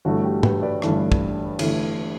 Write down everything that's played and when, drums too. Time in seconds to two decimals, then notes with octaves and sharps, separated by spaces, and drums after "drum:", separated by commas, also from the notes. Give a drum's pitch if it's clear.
0.05 G1 G2 E3 A3 F#4
0.24 G4
0.43 G4 B4, drum: tom
0.63 B4 D5
0.82 G1 G2 E3 A3, drum: rim click
1.12 drum: kick
1.59 G1 G2 E3 A3, drum: cymbal